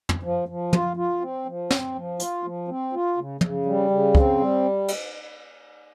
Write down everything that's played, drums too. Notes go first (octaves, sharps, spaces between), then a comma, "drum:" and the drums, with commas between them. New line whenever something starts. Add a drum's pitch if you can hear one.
drum: tom
F3
F3
F4, drum: tom
F4
C4
F3
C4, drum: snare
F3
F4, drum: hi-hat
F3
C4
F4
C#3
C#3, drum: tom
G3
C#3
C4, drum: kick
G3
drum: cymbal